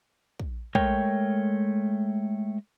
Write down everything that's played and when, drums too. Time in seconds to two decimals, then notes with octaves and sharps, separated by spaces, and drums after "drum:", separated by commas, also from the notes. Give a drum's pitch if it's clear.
0.40 drum: kick
0.75 G#3 A3 A#4 C#5 G5, drum: kick